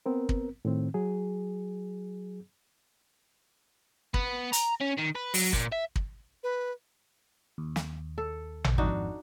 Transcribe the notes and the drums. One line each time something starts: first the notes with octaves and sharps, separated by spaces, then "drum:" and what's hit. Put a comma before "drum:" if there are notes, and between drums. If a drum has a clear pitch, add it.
B3 C4 A#4
drum: kick
A2 D#3 C4
F#3 G#4
B3, drum: kick
A#5, drum: hi-hat
C#4
D#3
B4
F#3, drum: open hi-hat
A#2, drum: kick
E5
drum: kick
B4
D#2
drum: snare
A4
drum: tom A1
G#1 F2 D4 D#4 F#4